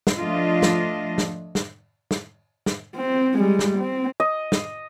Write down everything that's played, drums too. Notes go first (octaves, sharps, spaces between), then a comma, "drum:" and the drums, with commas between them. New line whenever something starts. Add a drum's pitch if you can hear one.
drum: snare
F3 A3 D4 F4 D#5
drum: snare
drum: snare
drum: snare
drum: snare
drum: snare
C4
G3 G#3
drum: snare
C4
D#5
drum: snare